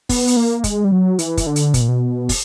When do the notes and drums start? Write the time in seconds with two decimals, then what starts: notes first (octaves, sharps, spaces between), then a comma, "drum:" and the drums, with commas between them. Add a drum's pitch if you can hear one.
0.09 B3, drum: kick, open hi-hat
0.27 drum: hi-hat
0.37 A#3
0.64 G#3, drum: kick, hi-hat
0.84 G3
0.92 F#3
1.19 E3, drum: hi-hat
1.37 drum: kick, hi-hat
1.47 D3
1.56 drum: hi-hat
1.74 B2, drum: kick, hi-hat
1.81 A#2
1.88 B2
2.29 drum: kick, open hi-hat